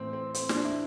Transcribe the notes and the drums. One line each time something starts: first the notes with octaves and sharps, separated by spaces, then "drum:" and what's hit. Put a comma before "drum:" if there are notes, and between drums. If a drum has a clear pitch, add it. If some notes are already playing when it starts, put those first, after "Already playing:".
Already playing: A2 E3 C4
C4
C4, drum: hi-hat
D4, drum: snare
E4